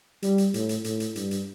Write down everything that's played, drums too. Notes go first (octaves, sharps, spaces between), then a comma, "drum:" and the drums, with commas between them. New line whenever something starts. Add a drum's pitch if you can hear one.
G3, drum: hi-hat
drum: hi-hat
A2, drum: hi-hat
drum: hi-hat
A2, drum: hi-hat
drum: hi-hat
G2, drum: hi-hat
drum: hi-hat